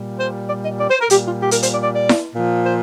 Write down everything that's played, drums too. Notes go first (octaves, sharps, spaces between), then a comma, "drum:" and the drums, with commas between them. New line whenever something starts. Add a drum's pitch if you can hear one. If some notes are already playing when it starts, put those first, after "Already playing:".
Already playing: A#2 G3
C5
D5
D#5
D5
C5
A#4
A#2 G3 G4, drum: hi-hat
F4
G4
A#4, drum: hi-hat
C5, drum: hi-hat
D5
D5
D5
drum: snare E4
A#2 F3
C5